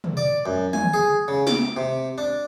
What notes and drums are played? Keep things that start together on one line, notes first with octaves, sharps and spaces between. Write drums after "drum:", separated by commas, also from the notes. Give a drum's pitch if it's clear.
drum: tom
D5
F#2
G#5, drum: tom
G#4
C#3
D6, drum: snare
C3
D4